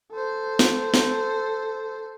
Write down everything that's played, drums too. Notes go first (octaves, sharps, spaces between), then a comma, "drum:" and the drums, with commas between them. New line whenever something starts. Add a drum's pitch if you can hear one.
A4 C5
drum: snare
drum: snare